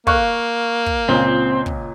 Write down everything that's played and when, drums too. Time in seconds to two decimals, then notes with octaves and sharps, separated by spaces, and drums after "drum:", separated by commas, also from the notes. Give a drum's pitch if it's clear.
0.07 A#3 F5 C#6 F#6, drum: kick
0.86 drum: kick
1.09 C#2 A#2 C4
1.66 drum: kick